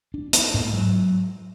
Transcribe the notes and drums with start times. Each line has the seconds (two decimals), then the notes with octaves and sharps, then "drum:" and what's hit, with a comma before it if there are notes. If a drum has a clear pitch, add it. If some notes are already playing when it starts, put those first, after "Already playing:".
0.14 D4
0.33 B3, drum: hi-hat
0.54 G#2 A#3
0.73 F#3